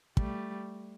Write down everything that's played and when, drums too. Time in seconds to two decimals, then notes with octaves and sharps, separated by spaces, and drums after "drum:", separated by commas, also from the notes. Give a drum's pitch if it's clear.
0.17 G3 A3, drum: kick